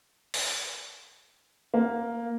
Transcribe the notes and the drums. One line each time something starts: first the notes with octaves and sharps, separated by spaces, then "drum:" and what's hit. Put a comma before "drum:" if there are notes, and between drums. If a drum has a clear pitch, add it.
drum: open hi-hat
A#3